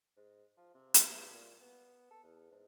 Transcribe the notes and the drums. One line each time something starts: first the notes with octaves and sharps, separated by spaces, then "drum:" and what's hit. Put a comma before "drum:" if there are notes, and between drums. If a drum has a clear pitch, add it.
G#2
F3
C3
drum: hi-hat
E2
A#2
B3
A4
E2
G#2